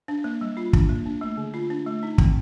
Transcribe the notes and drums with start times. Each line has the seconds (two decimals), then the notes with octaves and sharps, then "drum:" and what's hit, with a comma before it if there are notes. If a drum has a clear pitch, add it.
0.08 D4
0.24 A#3
0.41 G3
0.57 F4
0.73 D4, drum: kick
0.89 A#3
1.06 D4
1.21 A3
1.37 D3
1.54 F4
1.70 D4
1.86 A3
2.03 D#4
2.18 C4, drum: kick